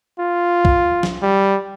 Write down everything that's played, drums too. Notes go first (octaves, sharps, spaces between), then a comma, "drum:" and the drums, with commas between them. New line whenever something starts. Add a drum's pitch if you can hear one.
F4
drum: kick
drum: snare
G3